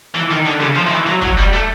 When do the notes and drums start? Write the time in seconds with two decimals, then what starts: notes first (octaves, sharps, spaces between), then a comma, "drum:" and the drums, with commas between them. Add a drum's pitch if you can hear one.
0.15 E3
0.31 D#3
0.46 D3
0.61 C#3
0.76 F3
0.87 D#3
0.91 E3
1.07 F#3
1.22 F#3, drum: kick
1.38 G3
1.53 A3